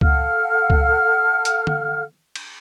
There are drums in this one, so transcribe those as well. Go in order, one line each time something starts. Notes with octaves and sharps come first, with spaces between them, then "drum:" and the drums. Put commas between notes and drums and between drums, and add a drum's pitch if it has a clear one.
A4 F5 F#5 F6, drum: kick C#2
drum: kick C#2
drum: hi-hat
drum: tom
drum: cymbal